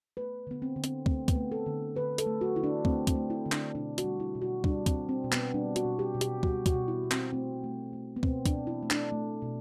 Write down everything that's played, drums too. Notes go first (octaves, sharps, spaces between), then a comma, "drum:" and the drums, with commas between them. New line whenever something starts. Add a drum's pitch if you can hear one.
A3 B4
D3 B3
C4
D3
C4, drum: hi-hat
A3 C4, drum: kick
B3, drum: kick, hi-hat
A3
A4
D3
D3 B4
A4, drum: hi-hat
A3
F#4
D3 E4
D4
A3 C4, drum: kick
C4, drum: kick, hi-hat
A3
E4
D3
D4, drum: clap
B2 D4
F#4, drum: hi-hat
G3
E4
B2
F#4
G3 D4, drum: kick
C4, drum: kick, hi-hat
G3
C4
B2
B3, drum: clap
G3 D4
F#4, drum: hi-hat
B2
G4
B2
G4, drum: hi-hat
G3 F#4, drum: kick
F#4, drum: kick, hi-hat
B2
E4
B2
C4, drum: clap
A3 C4
A3
A3
B3
B2 C4, drum: kick
D4, drum: kick, hi-hat
B2
E4
A3
D4, drum: clap
A3
B2